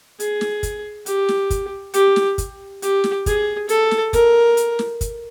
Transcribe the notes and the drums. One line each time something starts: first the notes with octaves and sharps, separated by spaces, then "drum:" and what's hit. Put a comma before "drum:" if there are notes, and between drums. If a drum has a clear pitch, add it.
G#4, drum: hi-hat
drum: snare
drum: kick, hi-hat
G4, drum: hi-hat
drum: snare
drum: kick, hi-hat
G4, drum: hi-hat
drum: snare
drum: kick, hi-hat
G4, drum: hi-hat
drum: snare
G#4, drum: kick, hi-hat
A4, drum: hi-hat
drum: snare
A#4, drum: kick, hi-hat
drum: hi-hat
drum: snare
drum: kick, hi-hat